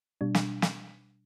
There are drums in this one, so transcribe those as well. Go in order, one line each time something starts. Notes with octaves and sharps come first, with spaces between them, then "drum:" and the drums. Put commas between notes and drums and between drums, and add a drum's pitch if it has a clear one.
B2 G3 D4
drum: snare
drum: snare